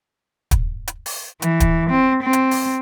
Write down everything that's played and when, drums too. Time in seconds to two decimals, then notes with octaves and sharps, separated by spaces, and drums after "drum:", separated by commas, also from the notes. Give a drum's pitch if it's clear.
0.51 drum: kick, hi-hat
0.88 drum: hi-hat
1.06 drum: open hi-hat
1.42 E3, drum: hi-hat
1.60 drum: kick, hi-hat
1.90 C4
2.23 C4
2.33 drum: hi-hat
2.51 drum: open hi-hat